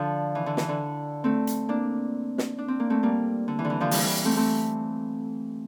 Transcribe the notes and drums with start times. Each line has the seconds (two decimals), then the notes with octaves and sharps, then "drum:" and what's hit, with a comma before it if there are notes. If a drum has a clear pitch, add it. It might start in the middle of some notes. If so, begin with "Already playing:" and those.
Already playing: D3 F3
0.35 E3
0.46 D3
0.57 E3, drum: snare
0.69 D3
1.24 A3 C4
1.47 drum: hi-hat
1.69 A#3 D4
2.38 drum: snare
2.58 D4
2.68 C4
2.80 A#3
2.90 A3 C4
3.03 G3 A#3
3.48 D3
3.59 E3
3.65 D3
3.70 E3
3.80 D3 F3
3.91 E3 G3, drum: open hi-hat
4.02 E3 G3
4.25 A3 C4
4.37 A3 C4